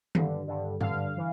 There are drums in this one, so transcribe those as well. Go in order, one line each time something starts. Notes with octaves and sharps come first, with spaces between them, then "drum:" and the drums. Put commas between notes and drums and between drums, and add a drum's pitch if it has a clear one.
G2 D3, drum: tom D#3
G2 D3
G2 D3 F5, drum: tom G#2
E3